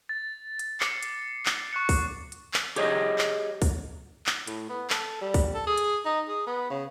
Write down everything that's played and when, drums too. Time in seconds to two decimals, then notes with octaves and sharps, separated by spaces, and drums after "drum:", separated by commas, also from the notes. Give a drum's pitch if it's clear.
0.09 A6
0.59 drum: hi-hat
0.80 D6 C7 C#7, drum: clap
1.03 drum: hi-hat
1.46 drum: clap
1.73 C#6 F#6 C#7
1.89 drum: kick, open hi-hat
2.32 drum: hi-hat
2.54 drum: clap
2.76 G4 G#4 C#5 D#5, drum: hi-hat
3.18 drum: clap
3.62 drum: kick, open hi-hat
4.26 drum: clap
4.47 A2, drum: hi-hat
4.70 B3
4.90 A4, drum: clap
5.21 G3
5.34 drum: kick, open hi-hat
5.55 A4
5.67 G#4
5.78 drum: hi-hat
6.06 D#4
6.28 G#4
6.47 B3
6.70 C#3